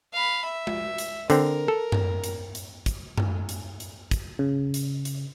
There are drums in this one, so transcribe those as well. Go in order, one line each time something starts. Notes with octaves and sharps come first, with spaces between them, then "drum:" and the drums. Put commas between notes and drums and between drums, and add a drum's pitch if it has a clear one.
F5 B5
E5
drum: tom G#3
drum: hi-hat
D3 C4 A#4, drum: hi-hat
A4
drum: tom F#2
drum: hi-hat
drum: hi-hat
drum: kick, hi-hat
drum: tom F#2
drum: hi-hat
drum: hi-hat
drum: kick, hi-hat
C#3
drum: hi-hat
drum: hi-hat